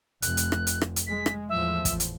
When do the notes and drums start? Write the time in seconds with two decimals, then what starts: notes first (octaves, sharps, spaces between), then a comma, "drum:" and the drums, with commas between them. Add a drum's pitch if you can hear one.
0.22 F1 F#6, drum: hi-hat
0.37 drum: hi-hat
0.52 drum: rim click
0.67 drum: hi-hat
0.81 drum: rim click
0.96 drum: hi-hat
1.07 G#3 B6
1.26 drum: rim click
1.49 E2 A2 F3 E5
1.85 drum: kick, hi-hat
2.00 drum: hi-hat